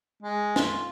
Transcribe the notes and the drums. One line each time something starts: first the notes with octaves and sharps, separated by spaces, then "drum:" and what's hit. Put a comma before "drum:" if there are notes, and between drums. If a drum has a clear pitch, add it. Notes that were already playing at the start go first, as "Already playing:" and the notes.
G#3
F4, drum: snare